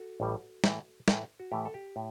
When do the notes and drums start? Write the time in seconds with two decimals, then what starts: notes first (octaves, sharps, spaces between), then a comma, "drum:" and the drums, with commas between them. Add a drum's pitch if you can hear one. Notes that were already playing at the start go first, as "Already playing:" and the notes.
Already playing: F#4 A4
0.20 A1 A2 G3
0.64 A2 E3 A3 E4, drum: snare
1.08 A2 E3 A3 E4, drum: snare
1.40 F#4
1.51 A2 E3 A3 E4 G4
1.65 A4
1.74 G4
1.96 A2